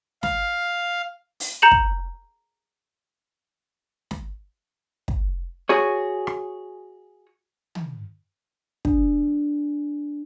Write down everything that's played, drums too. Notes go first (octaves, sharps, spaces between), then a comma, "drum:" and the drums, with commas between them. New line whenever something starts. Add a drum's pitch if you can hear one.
F5, drum: snare
drum: open hi-hat
A#5 G6 C#7 E7 F#7
drum: kick
drum: snare
drum: kick
F#4 G#4 C#5
drum: rim click
drum: tom
D4, drum: kick